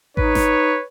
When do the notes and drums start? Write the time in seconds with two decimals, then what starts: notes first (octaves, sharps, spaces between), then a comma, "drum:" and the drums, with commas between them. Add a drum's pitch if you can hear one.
0.17 D#4 B4 C#5, drum: kick A1
0.35 drum: snare G#1